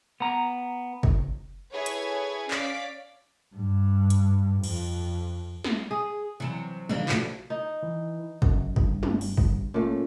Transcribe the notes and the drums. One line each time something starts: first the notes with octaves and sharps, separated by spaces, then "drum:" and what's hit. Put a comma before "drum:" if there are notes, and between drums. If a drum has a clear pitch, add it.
B3 A#5
drum: kick
E4 G#4 A4 B4 C#5
drum: hi-hat
C#4 D5 F5 B6 D7, drum: clap
G2
drum: hi-hat
F2, drum: cymbal
drum: snare
G#4
C3 E3 F#3 E7
E3 G#3 D4 D#4 G4 F5, drum: tom
A#1 B2 A3, drum: clap
D#4
E3
F#2, drum: kick
G2, drum: kick
drum: tom
drum: open hi-hat
drum: kick
A#2 A3 C#4